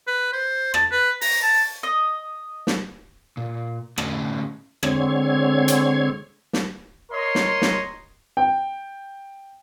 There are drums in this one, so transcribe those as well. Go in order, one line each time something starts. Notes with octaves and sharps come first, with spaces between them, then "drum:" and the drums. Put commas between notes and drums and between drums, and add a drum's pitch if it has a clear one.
B4
C5
A5, drum: rim click
B4
A#5, drum: open hi-hat
A5
D#5
drum: snare
A#2
A2 D3 C#4 D#5, drum: rim click
D3 G#3 C4 C#5 G#6, drum: rim click
drum: hi-hat
drum: snare
A#4 C#5 D#5 C6
drum: snare
drum: snare
G5